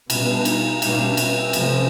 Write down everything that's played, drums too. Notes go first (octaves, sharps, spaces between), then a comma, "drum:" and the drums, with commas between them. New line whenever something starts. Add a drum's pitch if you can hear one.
B2 G3 B3 C#4, drum: cymbal
D4
D#4, drum: cymbal
B2 G3 A#3 C#4 D#4, drum: cymbal
D#4
D4
D4
C#4, drum: cymbal
C4
C3 F3 A3 C4, drum: cymbal
C#4